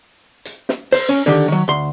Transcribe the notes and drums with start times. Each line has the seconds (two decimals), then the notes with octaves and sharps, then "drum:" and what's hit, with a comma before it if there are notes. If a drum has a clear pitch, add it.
0.45 drum: hi-hat
0.69 drum: snare
0.92 C5, drum: open hi-hat
1.09 C#4
1.26 D3 D#3 G4
1.48 D#3 F#3
1.68 D2 C6